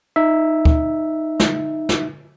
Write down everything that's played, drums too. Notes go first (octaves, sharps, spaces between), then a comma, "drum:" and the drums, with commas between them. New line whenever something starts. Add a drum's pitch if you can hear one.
D#4 E5
drum: kick
drum: snare
drum: snare